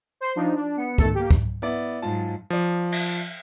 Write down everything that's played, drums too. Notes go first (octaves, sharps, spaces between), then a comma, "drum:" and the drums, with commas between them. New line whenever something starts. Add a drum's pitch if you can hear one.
C5 C6
F3 D4 D#4
D4
B3 C#7
D#3 A3 A4, drum: kick C#2
A#3 G4
drum: kick C#2
B3 E4 D5
G#2 F#3 F4 A5
F3 D5
drum: cymbal